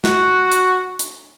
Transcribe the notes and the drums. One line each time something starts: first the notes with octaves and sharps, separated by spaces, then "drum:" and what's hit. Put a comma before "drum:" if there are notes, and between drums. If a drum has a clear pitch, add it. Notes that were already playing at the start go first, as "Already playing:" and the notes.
F#4, drum: snare
drum: hi-hat
drum: hi-hat